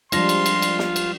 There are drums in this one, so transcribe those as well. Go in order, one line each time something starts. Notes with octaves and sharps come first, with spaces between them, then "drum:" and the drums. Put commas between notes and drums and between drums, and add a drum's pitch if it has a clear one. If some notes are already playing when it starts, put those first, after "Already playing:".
F3 G3 G#3 D4 F4 C6 A#6, drum: cymbal
drum: cymbal
drum: cymbal
drum: cymbal
drum: snare
drum: cymbal